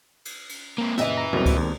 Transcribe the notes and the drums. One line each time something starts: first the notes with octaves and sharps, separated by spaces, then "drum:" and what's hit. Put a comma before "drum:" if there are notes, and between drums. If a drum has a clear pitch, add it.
drum: cymbal
drum: cymbal
A#3 C4
F#1 A#2 B4 D#5 E5, drum: snare
A#5
E1 C2 F#2 B2 C4 F7
drum: kick C#2, cymbal
D#2